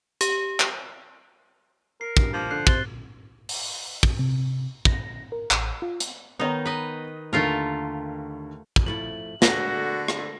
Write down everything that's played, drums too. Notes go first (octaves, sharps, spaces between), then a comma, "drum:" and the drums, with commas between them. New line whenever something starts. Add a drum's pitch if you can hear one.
G4, drum: hi-hat
drum: clap
A#4 C7
G2, drum: kick
F3 A#3
D3 F#6 C7
C3 C5 F#6 A6 G7, drum: kick
drum: open hi-hat
drum: kick
C3
A#6, drum: kick
A#4
A1, drum: clap
F4
drum: hi-hat
D#3 B3 D#4 C#5 A#5
B4 D#5
D#2 D3 A3 F4 A#4
drum: kick
F3 A3 E4 F#7
D3 A3 F#4 G#4 A#6, drum: snare
drum: rim click